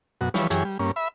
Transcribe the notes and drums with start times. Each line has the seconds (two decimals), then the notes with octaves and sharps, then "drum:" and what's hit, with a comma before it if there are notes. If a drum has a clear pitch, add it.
0.21 F#2 B2 F#4
0.34 E3 F3 G3 B4 C#5, drum: snare
0.50 F#2 E3 G4 G#4 C#5, drum: hi-hat
0.65 G3
0.79 G2 A#3 C#4
0.96 E5 B5